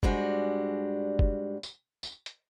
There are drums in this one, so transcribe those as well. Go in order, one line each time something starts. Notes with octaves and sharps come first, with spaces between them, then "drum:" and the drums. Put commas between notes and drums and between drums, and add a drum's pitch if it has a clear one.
G#2 G3 G#3 D4 F#4, drum: kick F#1
drum: kick F#1
drum: tambourine
drum: tambourine
drum: hi-hat